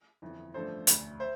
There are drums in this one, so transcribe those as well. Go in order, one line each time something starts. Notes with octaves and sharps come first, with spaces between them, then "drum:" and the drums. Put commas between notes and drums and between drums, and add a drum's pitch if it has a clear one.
G1 F2 E3
A1 G2 D3 F3 A3 A4 C5
E1 D2 D3 A3, drum: hi-hat
C5 E5